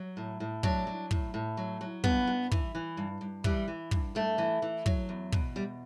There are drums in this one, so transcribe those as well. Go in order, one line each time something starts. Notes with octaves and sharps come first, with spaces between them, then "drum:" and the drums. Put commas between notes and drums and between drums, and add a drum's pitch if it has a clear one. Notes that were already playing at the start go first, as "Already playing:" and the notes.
Already playing: F#3
A2
A2
F#3 D4, drum: kick
F#3
A2, drum: kick
A2
F#3
F#3
G2 B3, drum: kick
G2
E3, drum: kick
E3
G2
G2
E3 G3, drum: kick
E3
G2, drum: kick
G2 A3
E3
E3
F#3, drum: kick
E2
B2, drum: kick
E2 G3